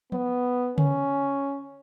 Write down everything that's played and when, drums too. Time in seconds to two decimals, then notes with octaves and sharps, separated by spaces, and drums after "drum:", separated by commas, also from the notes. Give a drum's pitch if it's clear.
0.12 B3, drum: tom F3
0.78 C#4, drum: tom C#3